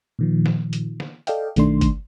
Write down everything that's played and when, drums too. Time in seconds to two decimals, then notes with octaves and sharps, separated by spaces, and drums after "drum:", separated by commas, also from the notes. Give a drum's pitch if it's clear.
0.19 A#2 D#3 F3
0.46 drum: snare
0.73 drum: hi-hat
1.00 drum: snare
1.27 A4 D5 D#5 F5 G5, drum: hi-hat
1.56 B1 D#3 A3 D4 C6, drum: hi-hat
1.81 drum: kick, hi-hat